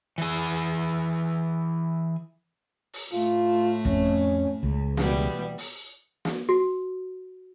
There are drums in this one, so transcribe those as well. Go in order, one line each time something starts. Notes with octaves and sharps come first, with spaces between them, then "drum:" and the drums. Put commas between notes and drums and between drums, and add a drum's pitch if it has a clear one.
E3 G#4
drum: open hi-hat
A2 A3 F4
F2 C#4, drum: kick
C#2
B2 E3 G3 B3, drum: snare
drum: open hi-hat
drum: snare
F#4